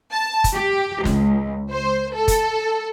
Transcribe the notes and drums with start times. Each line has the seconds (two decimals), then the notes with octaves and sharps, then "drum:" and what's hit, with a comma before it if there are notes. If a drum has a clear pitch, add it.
0.13 A5
0.44 drum: kick, hi-hat
0.56 G4
1.05 C#2, drum: snare
1.72 C5
2.15 A4
2.28 drum: kick, hi-hat